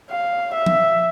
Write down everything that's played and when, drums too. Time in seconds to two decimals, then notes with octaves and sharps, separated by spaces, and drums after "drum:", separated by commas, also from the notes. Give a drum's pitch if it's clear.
0.10 F5
0.54 E5
0.66 drum: tom F3